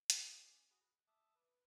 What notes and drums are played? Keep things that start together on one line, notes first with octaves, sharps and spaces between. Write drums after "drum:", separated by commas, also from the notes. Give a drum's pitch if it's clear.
F4 G4 G#4 C#5 D#5 F5, drum: hi-hat
C#4
F#4 G#4 B5 F#6
F#6
E5 A5 D6 D#6
B4